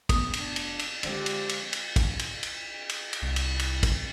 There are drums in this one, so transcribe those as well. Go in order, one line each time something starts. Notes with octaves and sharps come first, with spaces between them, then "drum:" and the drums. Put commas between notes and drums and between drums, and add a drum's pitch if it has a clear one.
F1 B3 D#6, drum: kick, cymbal
D4, drum: cymbal
drum: cymbal
drum: cymbal
D3 F3 G#3 C4 D4 G4, drum: cymbal
drum: cymbal
drum: cymbal
drum: cymbal
drum: kick, cymbal
drum: cymbal
drum: cymbal
drum: cymbal
drum: cymbal
C2
drum: cymbal
drum: cymbal
drum: kick, cymbal